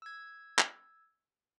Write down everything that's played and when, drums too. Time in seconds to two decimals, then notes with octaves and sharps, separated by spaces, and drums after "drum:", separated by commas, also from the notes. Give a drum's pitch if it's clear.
0.02 E6 G#6
0.59 drum: clap